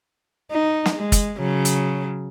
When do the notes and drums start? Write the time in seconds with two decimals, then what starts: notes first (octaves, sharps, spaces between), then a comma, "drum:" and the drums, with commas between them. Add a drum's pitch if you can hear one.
0.52 D#4
0.86 drum: snare
0.96 G#3
1.12 drum: kick, hi-hat
1.38 C#3 F#3
1.65 drum: hi-hat